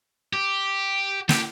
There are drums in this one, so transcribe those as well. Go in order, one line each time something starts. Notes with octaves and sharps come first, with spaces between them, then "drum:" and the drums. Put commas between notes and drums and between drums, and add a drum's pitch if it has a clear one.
G4
G4, drum: snare